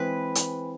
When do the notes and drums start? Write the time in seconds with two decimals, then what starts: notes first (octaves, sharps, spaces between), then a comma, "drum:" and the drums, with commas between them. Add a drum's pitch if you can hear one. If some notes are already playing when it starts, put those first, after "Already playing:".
Already playing: E3 G#3 C4 B4
0.35 drum: hi-hat